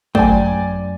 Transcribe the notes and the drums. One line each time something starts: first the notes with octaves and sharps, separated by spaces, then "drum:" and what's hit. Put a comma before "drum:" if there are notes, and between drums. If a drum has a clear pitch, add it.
F#2 A3 C5 D5 G5 G#5, drum: kick